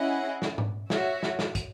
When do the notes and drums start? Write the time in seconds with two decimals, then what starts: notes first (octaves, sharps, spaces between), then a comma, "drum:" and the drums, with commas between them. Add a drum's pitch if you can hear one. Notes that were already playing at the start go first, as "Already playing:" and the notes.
Already playing: C#4 E4 G#4 D#5 F#5
0.42 drum: snare
0.58 drum: tom G#2
0.90 F#4 C#5 E5, drum: snare
1.23 drum: snare
1.39 drum: snare
1.55 drum: kick, hi-hat